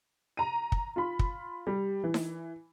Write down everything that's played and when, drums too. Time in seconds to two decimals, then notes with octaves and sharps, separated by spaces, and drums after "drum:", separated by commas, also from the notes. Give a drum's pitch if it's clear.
0.37 A#5 D#7
0.72 drum: kick
0.96 F4 B5
1.19 drum: kick
1.67 G3
2.04 E3
2.14 drum: snare D#4